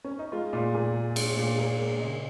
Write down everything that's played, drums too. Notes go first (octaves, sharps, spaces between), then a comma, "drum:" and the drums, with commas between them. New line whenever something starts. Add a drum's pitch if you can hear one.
C#4
D#4
G#3 F4
A#2 F4
A#2 G#4
G#3
G#3, drum: cymbal
A#2
A#2 G#4
G#3 A#4
C#3 D#5